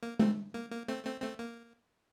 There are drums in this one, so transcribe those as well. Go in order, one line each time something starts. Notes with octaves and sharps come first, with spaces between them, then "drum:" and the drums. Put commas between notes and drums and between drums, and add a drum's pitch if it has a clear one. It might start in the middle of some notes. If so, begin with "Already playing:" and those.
A#3
A3 C4, drum: tom G#3
A#3
A#3
A3 C4
A3 C4
A3 C4
A#3